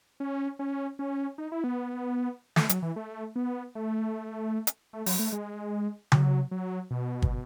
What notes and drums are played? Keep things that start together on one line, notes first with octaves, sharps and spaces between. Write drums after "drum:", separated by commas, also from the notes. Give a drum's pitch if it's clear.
C#4
C#4
C#4
D#4
E4
B3
A3, drum: snare
F#3, drum: hi-hat
E3
A3
B3
A3
drum: hi-hat
A3
F#3, drum: open hi-hat
A3
G#3
F#3, drum: tom C#3
F#3
B2
drum: kick G1